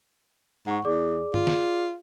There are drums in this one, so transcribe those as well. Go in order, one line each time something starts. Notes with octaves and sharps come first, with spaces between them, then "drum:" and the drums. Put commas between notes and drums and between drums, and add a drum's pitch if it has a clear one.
G#2 F#5 C#6
E2 G#4 D5 D6
F4, drum: tom G2
drum: snare